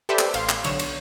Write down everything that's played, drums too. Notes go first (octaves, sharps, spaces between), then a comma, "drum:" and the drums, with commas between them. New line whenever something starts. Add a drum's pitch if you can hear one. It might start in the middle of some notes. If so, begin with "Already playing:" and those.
G4 A4 B4 C5 D5 E5
drum: clap
A1 F5 C6, drum: cymbal
drum: clap
B1 D3 C#5 E7, drum: cymbal
drum: cymbal